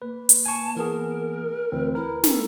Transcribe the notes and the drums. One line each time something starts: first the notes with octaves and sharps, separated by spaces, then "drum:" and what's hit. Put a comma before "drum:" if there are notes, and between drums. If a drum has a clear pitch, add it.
A#3 B4
drum: hi-hat
G#5 A5 C#6
E3 B3 G#4 A#4
D2 E3 C4 B4
E4 A#4
A4, drum: snare